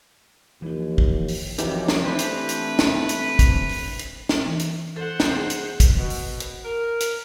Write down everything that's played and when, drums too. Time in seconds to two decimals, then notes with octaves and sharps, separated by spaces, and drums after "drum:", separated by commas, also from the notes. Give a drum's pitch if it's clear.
0.62 D#2 E3 F3
0.98 drum: kick
1.28 drum: open hi-hat
1.58 F2 D#3 E3 F#3 G4, drum: hi-hat
1.88 drum: snare
2.04 A3 C4 D4 B4 C5
2.19 drum: hi-hat
2.49 drum: hi-hat
2.79 drum: snare
3.09 drum: hi-hat
3.39 drum: kick, hi-hat
3.69 drum: open hi-hat
3.99 drum: hi-hat
4.29 drum: snare
4.47 E3
4.59 drum: hi-hat
4.96 A4 C5 F#5
5.20 drum: snare
5.36 G#4
5.50 drum: hi-hat
5.80 drum: kick, hi-hat
5.97 B2
6.10 drum: open hi-hat
6.40 drum: hi-hat
6.65 A#4
7.00 drum: hi-hat